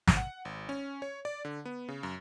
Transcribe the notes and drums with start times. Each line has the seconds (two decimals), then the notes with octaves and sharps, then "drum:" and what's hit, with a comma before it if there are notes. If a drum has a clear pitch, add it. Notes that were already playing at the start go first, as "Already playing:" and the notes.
0.07 drum: snare
0.17 F#5
0.45 G#1
0.69 C#4
1.02 C#5
1.25 D5
1.45 D3
1.65 B3
1.88 C#3
2.03 F#2